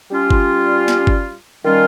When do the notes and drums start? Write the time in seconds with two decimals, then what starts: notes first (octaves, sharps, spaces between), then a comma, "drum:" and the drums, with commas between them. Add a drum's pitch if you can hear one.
0.11 G3 C#4 F4
0.31 drum: kick G1
0.88 drum: snare
1.07 drum: kick G1
1.65 D#3 G3 C#4 F4